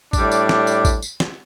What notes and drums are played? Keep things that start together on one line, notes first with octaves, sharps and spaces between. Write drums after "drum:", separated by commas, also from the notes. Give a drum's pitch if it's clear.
A2 G3 D4, drum: kick A1, tambourine
drum: tambourine
drum: snare
drum: tambourine
drum: kick A1, tambourine
drum: tambourine
drum: snare